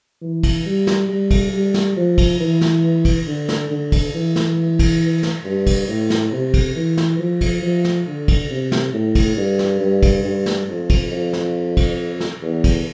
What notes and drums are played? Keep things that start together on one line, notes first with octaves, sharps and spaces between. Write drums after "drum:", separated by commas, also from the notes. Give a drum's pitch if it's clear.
E3
drum: kick, cymbal
G3
drum: snare
G3
drum: kick, cymbal
G3
drum: snare
F3
drum: kick, cymbal
E3
drum: snare
drum: kick, cymbal
D3
drum: snare
D3
drum: kick, cymbal
E3
drum: snare
drum: kick, cymbal
drum: snare
G2
drum: kick, cymbal
A2
drum: snare
C3
drum: kick, cymbal
E3
drum: snare
F3
drum: kick, cymbal
F3
drum: snare
D3
drum: kick, cymbal
C3
drum: snare
A2
drum: kick, cymbal
G2
drum: snare
G2
drum: kick, cymbal
G2
drum: snare
F2
drum: kick, cymbal
F2
drum: snare
drum: kick, cymbal
drum: snare
E2
drum: kick, cymbal